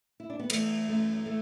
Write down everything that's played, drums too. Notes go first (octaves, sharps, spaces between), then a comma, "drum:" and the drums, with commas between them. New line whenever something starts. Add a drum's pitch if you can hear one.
E4
D4
B3
E3 A3, drum: cymbal
F#2 A3
A3